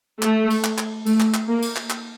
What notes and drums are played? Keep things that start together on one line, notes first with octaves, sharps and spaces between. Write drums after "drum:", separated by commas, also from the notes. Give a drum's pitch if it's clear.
A3, drum: clap
drum: cymbal
drum: clap
drum: clap
A3, drum: cymbal
drum: clap
drum: clap
A#3
drum: cymbal
drum: clap
drum: clap